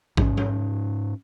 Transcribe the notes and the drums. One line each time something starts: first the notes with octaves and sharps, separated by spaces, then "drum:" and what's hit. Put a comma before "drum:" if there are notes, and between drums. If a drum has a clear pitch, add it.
G#2 C#4, drum: kick A1
drum: tom F3